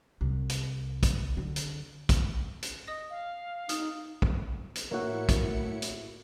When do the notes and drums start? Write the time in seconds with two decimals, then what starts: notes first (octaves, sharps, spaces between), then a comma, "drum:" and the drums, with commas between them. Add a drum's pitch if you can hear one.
0.21 C2
0.49 drum: hi-hat
1.03 drum: kick, hi-hat
1.37 D3
1.56 drum: hi-hat
2.09 drum: kick, hi-hat
2.62 drum: hi-hat
2.87 D#5 D#6 A#6
3.10 F5
3.69 D#4 D#6 F6, drum: hi-hat
4.22 drum: kick
4.75 drum: hi-hat
4.91 A2 A#3 E4 F#4 A#4 C#5 E5 C#7
5.29 drum: kick, hi-hat
5.82 drum: hi-hat